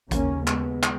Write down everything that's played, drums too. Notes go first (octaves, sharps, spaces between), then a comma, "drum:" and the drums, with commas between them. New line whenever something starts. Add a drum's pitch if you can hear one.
D#2 C#3 A#3 C#4, drum: kick A1, hi-hat
G#3 B3, drum: clap
drum: clap